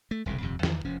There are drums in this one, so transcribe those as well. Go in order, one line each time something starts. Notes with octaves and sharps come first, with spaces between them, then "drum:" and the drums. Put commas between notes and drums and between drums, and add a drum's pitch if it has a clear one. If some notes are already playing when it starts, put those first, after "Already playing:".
A3
E1 C2 G#2 C#3
D#1 F2 C3
E2 D#3 E3, drum: snare
F1 F3 C#4